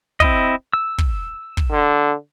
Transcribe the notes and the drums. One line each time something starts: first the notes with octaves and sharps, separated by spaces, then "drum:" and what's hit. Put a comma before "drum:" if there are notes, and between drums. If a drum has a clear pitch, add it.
C4 E4 D#5, drum: kick
E6
drum: kick
drum: kick
D3